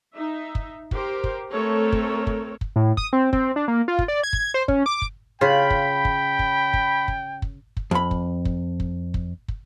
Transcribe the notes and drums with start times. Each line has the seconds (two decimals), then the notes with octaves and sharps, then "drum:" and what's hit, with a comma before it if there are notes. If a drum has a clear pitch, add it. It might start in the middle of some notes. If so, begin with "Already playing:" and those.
0.16 D#4 E5
0.55 drum: kick
0.91 G4 A#4 C5, drum: kick
1.24 drum: kick
1.50 A3 C4 A4 A#4 C#5
1.92 drum: kick
2.27 drum: kick
2.61 drum: kick
2.76 A2
2.97 D#6, drum: kick
3.13 C4
3.33 C4, drum: kick
3.56 D4
3.68 A#3
3.88 F4
3.99 drum: kick
4.08 D5
4.23 G#6
4.33 drum: kick
4.54 C5
4.68 C#4, drum: kick
4.86 D6
5.02 drum: kick
5.41 C#3 F4 G5 B5
5.70 drum: kick
6.05 drum: kick
6.39 drum: kick
6.73 drum: kick
7.08 drum: kick
7.42 drum: kick
7.77 drum: kick
7.91 F2 B5
8.11 drum: kick
8.45 drum: kick
8.80 drum: kick
9.14 drum: kick
9.48 drum: kick